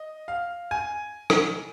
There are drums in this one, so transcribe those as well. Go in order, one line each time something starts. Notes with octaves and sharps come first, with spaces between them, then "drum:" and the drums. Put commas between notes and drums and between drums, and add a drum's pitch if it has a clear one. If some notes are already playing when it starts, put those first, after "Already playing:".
Already playing: D#5
F5
G#5
drum: rim click